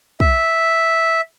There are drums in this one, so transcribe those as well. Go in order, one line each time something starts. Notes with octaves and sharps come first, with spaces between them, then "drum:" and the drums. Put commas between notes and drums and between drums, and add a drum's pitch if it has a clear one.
E5, drum: kick